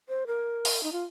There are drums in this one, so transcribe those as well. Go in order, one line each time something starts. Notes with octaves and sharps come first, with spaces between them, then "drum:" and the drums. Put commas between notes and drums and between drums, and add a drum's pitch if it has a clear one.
C5
A#4
drum: open hi-hat
D#4
F4